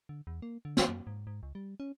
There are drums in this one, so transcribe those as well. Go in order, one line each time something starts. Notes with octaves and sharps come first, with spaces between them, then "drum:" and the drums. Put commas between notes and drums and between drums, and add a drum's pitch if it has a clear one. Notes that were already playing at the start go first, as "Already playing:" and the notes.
D3
E2
A#3
D3
drum: snare
F#2
G#2
G#2
C#2
G3
C#4